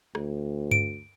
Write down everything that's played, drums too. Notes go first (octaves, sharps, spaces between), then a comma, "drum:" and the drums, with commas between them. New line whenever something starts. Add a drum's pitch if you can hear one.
D2, drum: rim click
D7, drum: tom G2